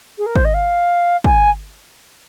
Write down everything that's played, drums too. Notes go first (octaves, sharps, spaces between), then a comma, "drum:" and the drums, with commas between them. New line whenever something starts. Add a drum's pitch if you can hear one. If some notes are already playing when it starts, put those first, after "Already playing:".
G#4
A#4
C5, drum: kick
D#5
F5
G#5, drum: kick